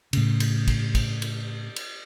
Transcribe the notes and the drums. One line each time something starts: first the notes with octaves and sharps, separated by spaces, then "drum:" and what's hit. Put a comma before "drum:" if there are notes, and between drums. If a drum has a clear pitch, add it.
A2 C#3, drum: cymbal
drum: cymbal
drum: kick, cymbal
drum: kick, cymbal
drum: cymbal
drum: cymbal